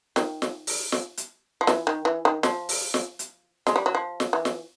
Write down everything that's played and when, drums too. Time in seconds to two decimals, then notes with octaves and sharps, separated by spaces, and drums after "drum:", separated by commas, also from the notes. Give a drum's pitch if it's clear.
0.16 D#3, drum: snare
0.42 drum: snare
0.67 drum: open hi-hat
0.92 drum: snare
1.17 drum: hi-hat
1.61 F3
1.67 E3, drum: snare
1.87 D#3
2.05 E3
2.25 D#3
2.43 F3, drum: snare
2.69 drum: open hi-hat
2.94 drum: snare
3.19 drum: hi-hat
3.67 G#3, drum: snare
3.76 G3
3.86 F#3
3.95 F3
4.20 drum: snare
4.33 E3
4.45 drum: snare